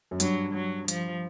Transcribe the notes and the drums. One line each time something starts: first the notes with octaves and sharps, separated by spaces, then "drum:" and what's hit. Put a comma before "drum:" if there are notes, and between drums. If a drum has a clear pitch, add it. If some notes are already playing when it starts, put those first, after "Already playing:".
F#2
G2 F#3, drum: hi-hat
F#3
F3, drum: hi-hat